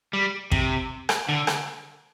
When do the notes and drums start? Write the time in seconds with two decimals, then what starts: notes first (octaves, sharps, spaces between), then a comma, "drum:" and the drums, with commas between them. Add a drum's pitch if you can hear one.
0.13 G3
0.52 C3, drum: kick
1.09 drum: rim click
1.29 D3
1.47 drum: rim click